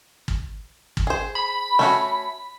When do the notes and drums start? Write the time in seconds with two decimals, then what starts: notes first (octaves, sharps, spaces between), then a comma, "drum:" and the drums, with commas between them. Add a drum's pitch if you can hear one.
0.28 drum: kick
0.97 drum: kick
1.07 G#4 C5
1.35 B5
1.79 A3 C#4 F#4, drum: snare